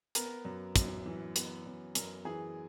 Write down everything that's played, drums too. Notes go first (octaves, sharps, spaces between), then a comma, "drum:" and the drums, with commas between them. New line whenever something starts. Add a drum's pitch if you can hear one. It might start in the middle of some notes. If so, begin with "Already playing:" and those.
B3 A#4, drum: hi-hat
F#2
F#2, drum: kick, hi-hat
E3
B3, drum: hi-hat
F#2
F#2 A#4, drum: hi-hat
E3 G#4